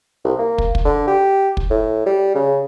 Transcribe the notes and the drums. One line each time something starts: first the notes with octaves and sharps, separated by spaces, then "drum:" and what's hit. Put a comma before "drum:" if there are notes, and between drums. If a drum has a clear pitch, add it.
C2
A#3
drum: kick
drum: kick
D3
G4
drum: kick
A2
G3
C#3